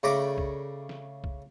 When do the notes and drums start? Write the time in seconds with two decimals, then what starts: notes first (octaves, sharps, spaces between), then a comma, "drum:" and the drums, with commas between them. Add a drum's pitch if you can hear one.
0.03 C#3 A3 D5 A#5 B5 D6
0.38 drum: kick C2
0.89 drum: snare
1.24 drum: kick C2